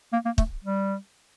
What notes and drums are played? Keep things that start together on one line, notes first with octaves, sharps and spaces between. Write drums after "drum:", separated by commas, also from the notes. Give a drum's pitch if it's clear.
A#3
A#3
A3, drum: kick
G3